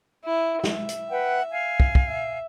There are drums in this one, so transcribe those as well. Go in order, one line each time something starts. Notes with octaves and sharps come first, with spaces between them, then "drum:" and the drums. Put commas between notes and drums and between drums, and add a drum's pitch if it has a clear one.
E4
E5, drum: snare
drum: hi-hat
B4 F#5 G5
F5 G#5
drum: kick
drum: kick
E5